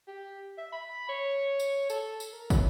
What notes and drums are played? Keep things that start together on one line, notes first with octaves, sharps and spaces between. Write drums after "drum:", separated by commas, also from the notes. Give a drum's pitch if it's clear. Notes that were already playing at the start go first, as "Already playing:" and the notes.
G4
E5
B5
C#5
drum: tambourine
A4, drum: tambourine
drum: tambourine
A#4
C#4, drum: kick, tambourine